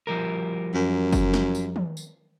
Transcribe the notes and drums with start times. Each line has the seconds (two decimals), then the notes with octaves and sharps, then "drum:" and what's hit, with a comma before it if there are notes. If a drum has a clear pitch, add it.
0.07 F3 G3 A#4
0.75 F#2
1.13 drum: kick F#1, tambourine
1.34 drum: snare
1.55 drum: tambourine
1.76 drum: tom
1.97 drum: tambourine